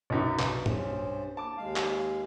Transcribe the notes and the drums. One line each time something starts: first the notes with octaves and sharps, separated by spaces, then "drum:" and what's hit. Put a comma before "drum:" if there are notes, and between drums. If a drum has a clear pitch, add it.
B1 F#2 D#4
B1 E3 D4, drum: clap
G2 C#4 C5, drum: tom
A5 D6
D#2 G#3 F5
drum: clap